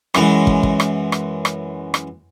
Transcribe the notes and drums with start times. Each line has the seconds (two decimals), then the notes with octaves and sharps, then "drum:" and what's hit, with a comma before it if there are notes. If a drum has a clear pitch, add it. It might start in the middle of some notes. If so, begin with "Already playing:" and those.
0.14 F#2 E3 G#3, drum: rim click
0.47 drum: kick
0.63 drum: kick
0.80 drum: rim click
1.12 drum: rim click
1.45 drum: rim click
1.94 drum: rim click